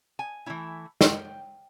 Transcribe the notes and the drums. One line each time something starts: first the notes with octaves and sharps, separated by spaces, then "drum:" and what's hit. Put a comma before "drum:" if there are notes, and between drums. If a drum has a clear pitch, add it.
G#5
E3 A3 C#4 E4
G5, drum: snare